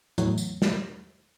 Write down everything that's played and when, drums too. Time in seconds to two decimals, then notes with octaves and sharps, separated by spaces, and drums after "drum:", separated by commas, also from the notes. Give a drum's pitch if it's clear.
0.18 E2 A2 F#3, drum: hi-hat
0.38 drum: tambourine
0.62 drum: snare